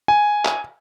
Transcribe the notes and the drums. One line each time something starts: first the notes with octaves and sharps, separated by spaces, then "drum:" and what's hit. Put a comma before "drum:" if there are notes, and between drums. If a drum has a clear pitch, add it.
G#5
drum: clap